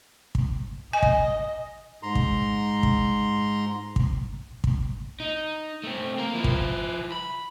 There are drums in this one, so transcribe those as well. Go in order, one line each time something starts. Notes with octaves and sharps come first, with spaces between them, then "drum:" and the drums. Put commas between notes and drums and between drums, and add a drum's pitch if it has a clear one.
drum: kick
D#5 G#5
drum: kick
G#2 A#5 C6
drum: kick
drum: kick
drum: kick
drum: kick
D#4
A3 C4
A#3 A#4
F3 E4
drum: kick
B5